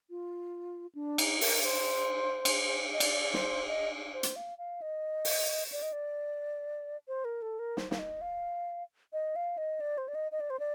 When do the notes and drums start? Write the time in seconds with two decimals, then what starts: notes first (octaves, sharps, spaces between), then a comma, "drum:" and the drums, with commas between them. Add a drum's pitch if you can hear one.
0.10 F4
0.95 D4
1.18 D#4, drum: cymbal
1.41 A#4, drum: open hi-hat
1.63 C5
2.45 drum: cymbal
2.93 D#5
3.00 D5, drum: cymbal
3.34 C5, drum: snare
3.68 D#5
4.14 C5
4.23 drum: hi-hat
4.36 F5
4.58 F5
4.82 D#5
5.25 drum: open hi-hat
5.72 D5
5.82 D#5
5.92 D5
7.08 C5
7.25 A#4
7.42 A4
7.59 A#4
7.77 C5, drum: snare
7.91 F5, drum: snare
7.99 D#5
8.21 F5
9.13 D#5
9.36 F5
9.58 D#5
9.80 D5
9.98 C5
10.08 D5
10.15 D#5
10.32 D#5
10.40 D5
10.50 C5
10.60 D5